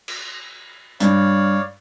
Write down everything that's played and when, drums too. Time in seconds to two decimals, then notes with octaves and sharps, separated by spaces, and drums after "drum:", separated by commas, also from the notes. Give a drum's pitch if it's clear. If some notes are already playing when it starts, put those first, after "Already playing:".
0.08 drum: cymbal
1.00 G2 C#5 D5 F5, drum: hi-hat